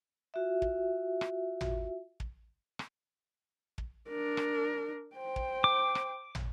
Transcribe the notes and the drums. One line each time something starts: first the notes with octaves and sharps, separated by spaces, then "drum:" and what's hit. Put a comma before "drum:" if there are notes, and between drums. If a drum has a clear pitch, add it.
F4 F#4 E5
drum: kick
drum: rim click
drum: tom
drum: kick
drum: rim click
drum: kick
D4 A#4
drum: rim click
C5 G5
drum: kick
D6
drum: rim click
drum: tom